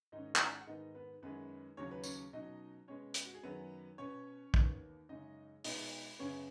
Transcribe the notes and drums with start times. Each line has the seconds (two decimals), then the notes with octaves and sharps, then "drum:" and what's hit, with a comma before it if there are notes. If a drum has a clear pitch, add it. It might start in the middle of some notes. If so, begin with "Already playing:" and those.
0.12 G#2 D#3 G#3 C#4 D#4 D#5
0.36 drum: clap
0.61 F#5
0.67 G#2 D#3 B3 D#4 D#5
0.95 B3 B4
1.22 F#2 D#3 G#3 B3 C#4 B4
1.77 D#2 C#3 F#3 C#4 C#5
1.91 B4
2.04 C#4 C#5, drum: tambourine
2.33 B2 F#3 C#4 D#4 D#5
2.88 B2 G#3 B3 C#4 C#5
3.14 drum: hi-hat
3.25 F#4
3.35 G#4
3.43 F#2 D#3 F#3 B3 B4
3.98 B2 B3 C#4 C#5
4.54 D#2 D#3 B3, drum: kick
5.09 F#2 C#3 G#3 C#4 D#4 D#5
5.64 B2 G#3 B3 D#4 D#5, drum: open hi-hat
6.19 F#2 C#3 B3 C#4 C#5